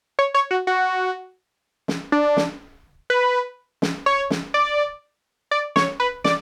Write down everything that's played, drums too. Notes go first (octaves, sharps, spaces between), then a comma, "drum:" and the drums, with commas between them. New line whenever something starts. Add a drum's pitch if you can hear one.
C#5
C#5
F#4
F#4
drum: snare
D4
drum: snare
B4
drum: snare
C#5
drum: snare
D5
D5
C#5, drum: snare
B4
D5, drum: snare